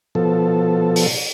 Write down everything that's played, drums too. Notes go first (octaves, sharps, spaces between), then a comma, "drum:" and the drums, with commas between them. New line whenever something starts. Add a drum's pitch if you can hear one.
B2 F3 A4
drum: open hi-hat